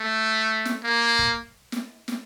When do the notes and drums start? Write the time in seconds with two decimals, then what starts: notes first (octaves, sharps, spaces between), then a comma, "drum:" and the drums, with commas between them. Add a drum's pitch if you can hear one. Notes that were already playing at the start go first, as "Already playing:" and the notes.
Already playing: A3
0.65 drum: snare
0.84 A#3
1.19 drum: kick
1.72 drum: snare
2.08 drum: snare